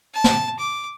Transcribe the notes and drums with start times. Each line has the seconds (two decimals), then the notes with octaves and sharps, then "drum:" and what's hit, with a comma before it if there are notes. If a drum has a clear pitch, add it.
0.14 A5
0.24 drum: snare
0.59 D6